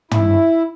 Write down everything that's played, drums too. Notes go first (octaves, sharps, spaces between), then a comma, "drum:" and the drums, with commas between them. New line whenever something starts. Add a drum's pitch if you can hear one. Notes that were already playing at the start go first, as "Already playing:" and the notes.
E4, drum: tom